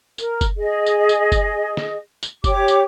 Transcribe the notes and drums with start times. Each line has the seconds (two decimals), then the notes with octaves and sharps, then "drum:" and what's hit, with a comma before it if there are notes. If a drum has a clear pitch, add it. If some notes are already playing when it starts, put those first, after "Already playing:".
0.18 A#4, drum: tambourine
0.41 drum: kick F#1, tambourine
0.56 G#4 D#5
0.86 drum: tambourine
1.09 drum: tambourine
1.32 drum: kick F#1, tambourine
1.77 drum: snare
2.23 drum: tambourine
2.44 G4 C#5 D6, drum: kick F#1, tambourine
2.68 drum: tambourine